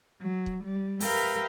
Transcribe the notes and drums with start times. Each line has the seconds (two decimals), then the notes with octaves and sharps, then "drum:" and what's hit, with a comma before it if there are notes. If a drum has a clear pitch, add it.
0.22 F#3
0.46 drum: kick
0.65 G3
1.00 G4 A#4 B4 E5 F5 G5, drum: open hi-hat